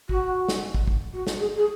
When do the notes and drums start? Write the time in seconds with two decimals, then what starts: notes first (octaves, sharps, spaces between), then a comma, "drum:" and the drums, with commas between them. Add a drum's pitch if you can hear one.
0.09 F#4, drum: kick
0.48 drum: snare
0.74 drum: kick
0.87 drum: kick
1.14 F#4
1.27 drum: snare
1.39 G#4
1.57 G#4